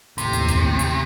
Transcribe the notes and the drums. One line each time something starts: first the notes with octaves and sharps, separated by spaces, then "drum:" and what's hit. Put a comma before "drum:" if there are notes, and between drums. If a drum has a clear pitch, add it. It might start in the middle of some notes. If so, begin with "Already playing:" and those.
A1 D#2 C3, drum: hi-hat
drum: hi-hat
drum: kick, hi-hat
drum: hi-hat